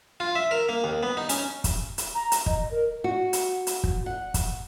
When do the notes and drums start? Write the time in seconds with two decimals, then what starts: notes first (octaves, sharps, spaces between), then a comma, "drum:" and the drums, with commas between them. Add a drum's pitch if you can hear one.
0.20 F4
0.35 E5
0.51 A#4
0.69 A#3
0.84 D#2
1.03 B3
1.17 D#4
1.29 C#4, drum: hi-hat
1.64 drum: kick, hi-hat
1.98 drum: hi-hat
2.15 A#5
2.32 drum: hi-hat
2.46 D#5, drum: kick
2.71 A#4
3.04 F#4
3.33 drum: hi-hat
3.67 drum: hi-hat
3.84 drum: kick
4.06 F#5
4.34 drum: kick, hi-hat